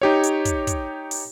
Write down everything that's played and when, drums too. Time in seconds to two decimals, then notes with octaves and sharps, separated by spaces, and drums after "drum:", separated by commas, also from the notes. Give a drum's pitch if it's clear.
0.02 D#4 G4 C#5
0.23 drum: hi-hat
0.45 drum: kick, hi-hat
0.67 drum: kick, hi-hat
1.11 drum: open hi-hat